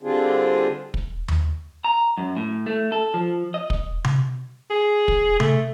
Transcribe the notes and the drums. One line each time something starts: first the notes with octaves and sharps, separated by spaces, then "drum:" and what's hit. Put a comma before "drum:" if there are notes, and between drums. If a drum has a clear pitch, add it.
D3 G3 C4 D4 F4 G#4
drum: kick
drum: tom D#2
A#5
F#2
A2
A3
A4
F3
D#5
drum: kick
drum: tom C3
G#4
drum: kick
A3, drum: tom C3